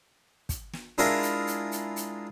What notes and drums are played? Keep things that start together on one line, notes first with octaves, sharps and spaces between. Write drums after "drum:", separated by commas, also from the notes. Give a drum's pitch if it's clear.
drum: kick, hi-hat
drum: snare
G#3 D4 E4 F4 A#4, drum: hi-hat
drum: hi-hat
drum: hi-hat
drum: hi-hat
drum: hi-hat